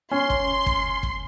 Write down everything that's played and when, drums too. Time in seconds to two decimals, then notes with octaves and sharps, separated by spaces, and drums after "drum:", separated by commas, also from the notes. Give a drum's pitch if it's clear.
0.11 C#4 C6
0.30 drum: kick
0.66 drum: kick
1.03 drum: kick